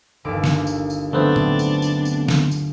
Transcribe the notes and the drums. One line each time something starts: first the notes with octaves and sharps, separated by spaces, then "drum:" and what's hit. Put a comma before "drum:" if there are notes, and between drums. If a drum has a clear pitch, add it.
G1 D#2 D6
drum: snare
drum: tambourine
drum: tambourine
D3 F#3 A3 B3 C4 D4
drum: tom A2
drum: tambourine
drum: tambourine
drum: tambourine
drum: snare
drum: tambourine